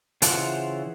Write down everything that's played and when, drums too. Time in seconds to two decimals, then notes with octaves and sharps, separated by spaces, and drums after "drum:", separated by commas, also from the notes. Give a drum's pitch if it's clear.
0.22 C#3 E3 F4 C5 F#5, drum: hi-hat